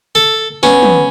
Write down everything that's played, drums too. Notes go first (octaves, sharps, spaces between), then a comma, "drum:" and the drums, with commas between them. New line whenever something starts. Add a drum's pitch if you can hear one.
A4
B3 C#4, drum: snare
drum: tom